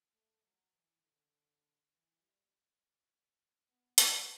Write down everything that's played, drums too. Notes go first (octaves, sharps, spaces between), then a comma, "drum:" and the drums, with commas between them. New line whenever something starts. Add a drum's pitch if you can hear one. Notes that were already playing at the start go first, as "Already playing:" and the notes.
A3
F#3
E3
D3
E3
G3
B3
C4, drum: hi-hat